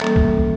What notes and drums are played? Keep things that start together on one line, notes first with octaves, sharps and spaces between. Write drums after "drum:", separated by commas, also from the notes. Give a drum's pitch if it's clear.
E3 G3 A#3 C#4 A4, drum: clap
drum: kick